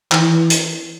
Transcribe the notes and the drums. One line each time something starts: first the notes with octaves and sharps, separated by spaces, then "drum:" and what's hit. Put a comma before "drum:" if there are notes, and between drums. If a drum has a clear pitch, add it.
E3, drum: clap
drum: hi-hat